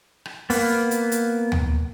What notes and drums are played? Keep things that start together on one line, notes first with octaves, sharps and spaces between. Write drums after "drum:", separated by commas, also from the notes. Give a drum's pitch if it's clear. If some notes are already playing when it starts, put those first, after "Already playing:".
drum: rim click
A#3 B3, drum: open hi-hat
drum: hi-hat
drum: hi-hat
drum: tom D2